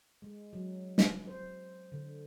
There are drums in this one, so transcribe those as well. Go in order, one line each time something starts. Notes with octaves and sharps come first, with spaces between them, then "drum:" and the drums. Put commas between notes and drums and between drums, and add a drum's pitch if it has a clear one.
G#3
F#3
drum: snare
C5
D3